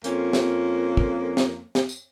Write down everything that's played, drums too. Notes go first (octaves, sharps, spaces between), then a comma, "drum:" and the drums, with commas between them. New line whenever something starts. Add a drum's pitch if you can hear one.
F2 A#3 C#4, drum: hi-hat
drum: snare
drum: kick
drum: snare
drum: snare
drum: tambourine